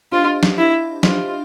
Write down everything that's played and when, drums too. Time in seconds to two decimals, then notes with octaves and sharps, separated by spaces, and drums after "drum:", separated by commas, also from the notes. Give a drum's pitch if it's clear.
0.12 D4 F4 G4 C5 D#5
0.43 drum: snare
0.58 E4
1.03 D4 F4 G4 C5 D#5, drum: snare